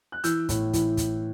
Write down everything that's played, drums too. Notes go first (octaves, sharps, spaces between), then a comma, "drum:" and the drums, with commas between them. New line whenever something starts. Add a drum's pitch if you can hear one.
F#6
E3 E6 G6, drum: hi-hat
A2, drum: kick, hi-hat
E3, drum: kick, hi-hat
drum: kick, hi-hat